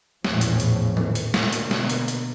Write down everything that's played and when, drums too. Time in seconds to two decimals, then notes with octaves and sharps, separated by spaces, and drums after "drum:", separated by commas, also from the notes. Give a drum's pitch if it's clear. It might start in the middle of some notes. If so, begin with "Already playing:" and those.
0.24 A#1 E2 A2 E3 F3 C#4, drum: snare
0.41 drum: hi-hat
0.60 drum: hi-hat
0.97 drum: tom D#3
1.15 drum: hi-hat
1.34 B2 D3 A#3 B3, drum: snare
1.52 drum: hi-hat
1.71 drum: snare
1.90 drum: hi-hat
2.08 drum: hi-hat